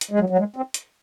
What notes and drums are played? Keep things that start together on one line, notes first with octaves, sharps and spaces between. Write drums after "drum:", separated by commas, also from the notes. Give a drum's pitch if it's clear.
drum: hi-hat
G#3
F#3
F#3
G#3
C4
drum: hi-hat